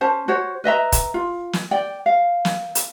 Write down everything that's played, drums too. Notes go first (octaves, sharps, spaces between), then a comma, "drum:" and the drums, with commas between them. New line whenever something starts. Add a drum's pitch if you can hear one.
C#4 C5 A5
F#4 C5 C#5
B4 D#5 E5 A#5
drum: kick, hi-hat
F4
drum: snare
D5 G5
F5
drum: snare
drum: hi-hat